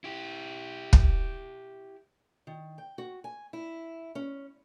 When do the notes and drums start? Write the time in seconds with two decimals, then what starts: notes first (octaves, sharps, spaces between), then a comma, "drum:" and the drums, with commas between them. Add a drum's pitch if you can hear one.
0.04 E4 G4
0.93 drum: kick
2.47 D#3
2.78 G5
2.98 F#4
3.24 G#5
3.53 E4
4.15 C#4